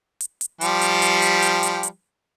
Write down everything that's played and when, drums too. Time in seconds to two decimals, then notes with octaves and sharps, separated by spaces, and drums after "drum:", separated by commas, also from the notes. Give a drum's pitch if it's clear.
0.21 drum: hi-hat
0.41 drum: hi-hat
0.61 F3 G3 G4, drum: hi-hat
0.81 drum: hi-hat
1.02 drum: hi-hat
1.22 drum: hi-hat
1.42 drum: hi-hat
1.63 drum: hi-hat
1.83 drum: hi-hat